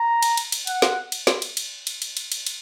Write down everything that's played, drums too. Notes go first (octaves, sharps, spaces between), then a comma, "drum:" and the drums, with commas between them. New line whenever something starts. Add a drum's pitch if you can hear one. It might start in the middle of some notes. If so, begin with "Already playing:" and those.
Already playing: A#5
drum: cymbal
drum: cymbal
drum: cymbal
F#5, drum: cymbal
drum: snare
drum: cymbal
drum: snare
drum: cymbal
drum: cymbal
drum: cymbal
drum: cymbal
drum: cymbal
drum: cymbal
drum: cymbal